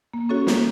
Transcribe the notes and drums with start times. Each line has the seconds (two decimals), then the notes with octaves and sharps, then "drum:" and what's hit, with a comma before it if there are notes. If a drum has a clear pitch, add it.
0.14 A#3
0.29 C#4 F#4 A4 C#5
0.47 A#3, drum: snare